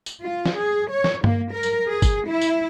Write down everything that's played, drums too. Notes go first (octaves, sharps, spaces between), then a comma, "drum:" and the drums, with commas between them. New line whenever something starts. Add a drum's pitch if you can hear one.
drum: tambourine
F4
drum: snare
G#4
C#5
drum: snare
A#3, drum: tom G2
A#4
drum: tambourine
G#4
drum: kick G1, tambourine
E4
drum: tambourine